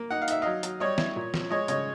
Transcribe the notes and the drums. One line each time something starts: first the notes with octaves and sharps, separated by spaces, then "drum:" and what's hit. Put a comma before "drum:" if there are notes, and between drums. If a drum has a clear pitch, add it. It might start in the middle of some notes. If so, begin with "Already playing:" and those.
Already playing: A#3
D#4 F#5
F5
D#4 E5, drum: hi-hat
F#3 D#5 F5
F#3, drum: hi-hat
G3 C#5 D#5
E4, drum: snare
A#2
F3, drum: snare
G#3 C#5 D#5
C#3 C#5 D#5, drum: hi-hat